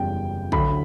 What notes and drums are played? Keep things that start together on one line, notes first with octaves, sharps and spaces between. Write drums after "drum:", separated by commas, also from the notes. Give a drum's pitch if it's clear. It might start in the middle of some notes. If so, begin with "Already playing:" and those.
Already playing: F#1 E2 C#3 G3 G5
D2 D3 F#3 B5, drum: kick